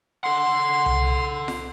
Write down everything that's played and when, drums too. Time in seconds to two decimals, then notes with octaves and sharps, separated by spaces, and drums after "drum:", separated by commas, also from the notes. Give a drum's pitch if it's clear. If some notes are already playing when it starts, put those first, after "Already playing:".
0.24 A4 F#5 C6
0.86 drum: tom C2
1.48 drum: snare F4